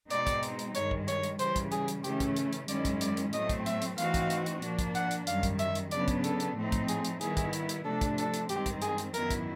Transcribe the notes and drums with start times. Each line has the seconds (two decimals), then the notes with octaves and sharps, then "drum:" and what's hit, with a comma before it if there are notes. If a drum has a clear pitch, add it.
0.10 B2 G#3 C4 D#4 D5, drum: hi-hat
0.27 drum: kick, hi-hat
0.43 drum: hi-hat
0.59 drum: hi-hat
0.75 G2 D#3 G#3 C#5, drum: hi-hat
0.91 drum: kick
1.08 C#5, drum: hi-hat
1.23 drum: hi-hat
1.39 C#3 E3 G3 C5, drum: hi-hat
1.56 drum: kick, hi-hat
1.72 G#4, drum: hi-hat
1.88 drum: hi-hat
2.04 C#3 E3 A3 C#4 G4, drum: hi-hat
2.20 drum: kick, hi-hat
2.36 drum: hi-hat
2.53 drum: hi-hat
2.68 F#2 D#3 G#3 C#4 E4 D5, drum: hi-hat
2.85 drum: kick, hi-hat
3.01 D5, drum: hi-hat
3.17 drum: hi-hat
3.33 A2 F#3 A3 C4 D#5, drum: hi-hat
3.49 drum: kick, hi-hat
3.66 E5, drum: hi-hat
3.82 drum: hi-hat
3.98 E3 A3 C4 D#4 F#4 F5, drum: hi-hat
4.14 drum: kick, hi-hat
4.30 drum: hi-hat
4.46 drum: hi-hat
4.62 A#2 F3 A#3 D4, drum: hi-hat
4.79 drum: kick, hi-hat
4.95 F#5, drum: hi-hat
5.11 drum: hi-hat
5.27 F#2 D#3 G3 F5, drum: hi-hat
5.43 drum: kick, hi-hat
5.59 E5, drum: hi-hat
5.75 drum: hi-hat
5.91 C#3 F#3 B3 D4 D5, drum: hi-hat
6.08 drum: kick, hi-hat
6.24 A4, drum: hi-hat
6.40 drum: hi-hat
6.56 A2 F3 A3 C4 D#4
6.72 drum: kick, hi-hat
6.88 G#4, drum: hi-hat
7.05 drum: hi-hat
7.21 D#3 G3 B3 E4 G#4, drum: hi-hat
7.37 drum: kick, hi-hat
7.53 drum: hi-hat
7.69 drum: hi-hat
7.85 C3 F3 A3 D4 A4
8.01 drum: kick, hi-hat
8.18 A4, drum: hi-hat
8.34 drum: hi-hat
8.49 G2 D#3 G#3 C4 G4, drum: hi-hat
8.66 drum: kick, hi-hat
8.82 G#4, drum: hi-hat
8.98 drum: hi-hat
9.14 F#2 D#3 F#3 B3 E4 A#4, drum: hi-hat
9.31 drum: kick, hi-hat